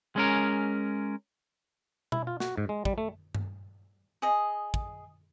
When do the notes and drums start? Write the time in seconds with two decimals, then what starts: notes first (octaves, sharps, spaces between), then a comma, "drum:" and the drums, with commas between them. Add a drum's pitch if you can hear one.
0.16 G#3 C#4 A#4
2.12 E4, drum: tom B2
2.27 F4
2.40 F#4, drum: snare
2.57 G#2
2.69 G#3
2.85 G3, drum: kick
2.98 A3
3.35 drum: tom G2
4.22 G#4 D#5
4.74 drum: kick